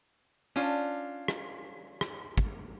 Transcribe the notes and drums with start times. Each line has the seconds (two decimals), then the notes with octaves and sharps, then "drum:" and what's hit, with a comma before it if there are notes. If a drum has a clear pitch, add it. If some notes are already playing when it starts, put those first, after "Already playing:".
0.56 C#4 D4 F4
1.28 drum: rim click
2.01 drum: rim click
2.38 drum: kick